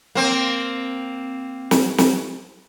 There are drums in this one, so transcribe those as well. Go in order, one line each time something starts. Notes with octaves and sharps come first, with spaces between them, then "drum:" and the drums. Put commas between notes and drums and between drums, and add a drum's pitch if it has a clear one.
A#3 C4
drum: snare
drum: snare